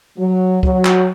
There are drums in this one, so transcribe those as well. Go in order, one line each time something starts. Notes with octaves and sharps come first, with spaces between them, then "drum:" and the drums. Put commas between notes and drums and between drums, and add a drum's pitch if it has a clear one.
F#3
F#3, drum: kick
drum: clap